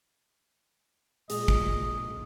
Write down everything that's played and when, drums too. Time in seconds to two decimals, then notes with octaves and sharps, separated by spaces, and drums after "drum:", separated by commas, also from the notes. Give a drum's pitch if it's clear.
1.30 A#2 G#3 D#5, drum: hi-hat
1.48 drum: kick